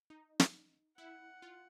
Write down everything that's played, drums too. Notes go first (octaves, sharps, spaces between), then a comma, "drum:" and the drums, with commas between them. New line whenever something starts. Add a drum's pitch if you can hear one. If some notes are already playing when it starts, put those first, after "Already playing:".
D#4
drum: snare
E4 F#5
F4